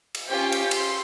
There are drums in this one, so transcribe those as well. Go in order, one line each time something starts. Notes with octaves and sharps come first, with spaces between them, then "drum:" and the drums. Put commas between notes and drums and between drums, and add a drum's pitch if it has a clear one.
drum: cymbal
C#4 F4 G4 C5 G5
drum: cymbal
C6, drum: cymbal